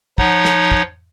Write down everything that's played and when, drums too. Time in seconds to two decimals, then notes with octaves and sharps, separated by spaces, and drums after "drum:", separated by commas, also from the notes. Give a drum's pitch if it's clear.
0.18 F3 D#4 C#5 F#5, drum: kick
0.45 drum: snare
0.72 drum: kick